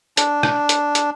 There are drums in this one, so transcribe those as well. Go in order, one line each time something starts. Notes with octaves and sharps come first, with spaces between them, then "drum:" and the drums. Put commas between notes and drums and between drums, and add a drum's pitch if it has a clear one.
D4, drum: hi-hat
drum: rim click
drum: hi-hat
drum: hi-hat